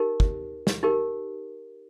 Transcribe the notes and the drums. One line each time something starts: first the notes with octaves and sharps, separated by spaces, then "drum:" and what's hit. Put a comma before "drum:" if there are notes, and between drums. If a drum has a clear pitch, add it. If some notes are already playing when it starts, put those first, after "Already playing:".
Already playing: D#4 G4 A#4
drum: kick
drum: snare
D#4 G4 A#4